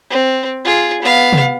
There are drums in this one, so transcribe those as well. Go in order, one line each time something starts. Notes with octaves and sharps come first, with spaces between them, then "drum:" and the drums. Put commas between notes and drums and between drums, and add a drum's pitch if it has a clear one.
C4
F4 G#4
B3 F5
drum: tom C3